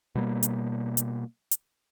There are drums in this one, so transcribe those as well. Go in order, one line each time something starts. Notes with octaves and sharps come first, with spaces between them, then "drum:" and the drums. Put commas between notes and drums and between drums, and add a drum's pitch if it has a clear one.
B2 G3 A#3
drum: hi-hat
drum: hi-hat
drum: hi-hat